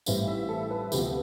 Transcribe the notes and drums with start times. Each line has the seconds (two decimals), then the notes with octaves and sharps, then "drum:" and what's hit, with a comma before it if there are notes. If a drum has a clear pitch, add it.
0.06 A1 A2 E3 G3 C4 F5, drum: tambourine
0.28 E5
0.49 A4
0.71 B4
0.92 D2 C3 F3 B3 G4, drum: tambourine